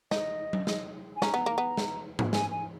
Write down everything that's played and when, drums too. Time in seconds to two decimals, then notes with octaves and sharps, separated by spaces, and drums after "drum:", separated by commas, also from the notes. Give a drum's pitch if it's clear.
0.11 D#4 D#5, drum: snare
0.53 drum: tom F#3
0.67 drum: snare
1.16 G#5
1.22 C#4 A#5, drum: snare
1.34 B3
1.46 A#3
1.58 B3
1.77 drum: snare
2.19 drum: tom
2.33 G#5, drum: snare
2.51 G#5